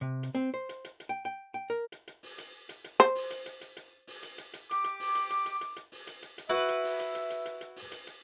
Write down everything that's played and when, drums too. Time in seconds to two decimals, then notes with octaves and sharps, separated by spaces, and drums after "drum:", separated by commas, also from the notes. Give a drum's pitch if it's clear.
0.01 C3
0.23 drum: hi-hat
0.35 C4
0.54 C5
0.69 drum: hi-hat
0.85 drum: hi-hat
1.00 drum: hi-hat
1.09 G5
1.25 G5
1.54 G5
1.70 A#4
1.92 drum: hi-hat
2.08 drum: hi-hat
2.23 drum: open hi-hat
2.38 drum: hi-hat
2.69 drum: hi-hat
2.84 drum: hi-hat
3.00 C5, drum: hi-hat
3.15 drum: open hi-hat
3.30 drum: hi-hat
3.46 drum: hi-hat
3.61 drum: hi-hat
3.77 drum: hi-hat
4.07 drum: open hi-hat
4.23 drum: hi-hat
4.38 drum: hi-hat
4.53 drum: hi-hat
4.71 G4 D6, drum: hi-hat
4.84 drum: hi-hat
5.00 drum: open hi-hat
5.15 drum: hi-hat
5.30 drum: hi-hat
5.46 drum: hi-hat
5.61 drum: hi-hat
5.76 drum: hi-hat
5.92 drum: open hi-hat
6.07 drum: hi-hat
6.23 drum: hi-hat
6.38 drum: hi-hat
6.49 E4 F#4 B4 E5
6.69 drum: hi-hat
6.84 drum: open hi-hat
6.99 drum: hi-hat
7.15 drum: hi-hat
7.30 drum: hi-hat
7.46 drum: hi-hat
7.61 drum: hi-hat
7.76 drum: open hi-hat
7.92 drum: hi-hat
8.07 drum: hi-hat